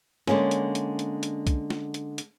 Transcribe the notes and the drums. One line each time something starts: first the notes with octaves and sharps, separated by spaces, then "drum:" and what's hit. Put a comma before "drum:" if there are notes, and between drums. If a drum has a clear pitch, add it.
D3 G#3 A#3 C#4, drum: snare
drum: hi-hat
drum: hi-hat
drum: hi-hat
drum: hi-hat
drum: kick B1, hi-hat
drum: snare
drum: hi-hat
drum: hi-hat